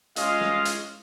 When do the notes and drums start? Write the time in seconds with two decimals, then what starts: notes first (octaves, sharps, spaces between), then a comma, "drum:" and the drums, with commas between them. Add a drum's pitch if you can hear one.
0.16 G#3 C#4 F4 D#5 F5, drum: hi-hat
0.41 drum: snare
0.65 drum: hi-hat